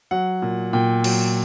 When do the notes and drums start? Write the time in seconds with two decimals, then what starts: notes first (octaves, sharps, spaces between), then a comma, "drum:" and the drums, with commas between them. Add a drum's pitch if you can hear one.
0.11 F#3 F#5
0.42 A#2
0.73 A#2 G5
1.04 F#3, drum: cymbal